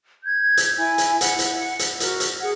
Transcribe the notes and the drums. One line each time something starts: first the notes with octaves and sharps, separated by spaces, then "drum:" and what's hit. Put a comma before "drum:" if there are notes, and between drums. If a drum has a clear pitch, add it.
G6 G#6
drum: hi-hat
E4 G#5
drum: hi-hat
E4 F#5, drum: hi-hat
drum: hi-hat
drum: hi-hat
F#4 A#4, drum: hi-hat
drum: hi-hat
G#4 F#5 G#6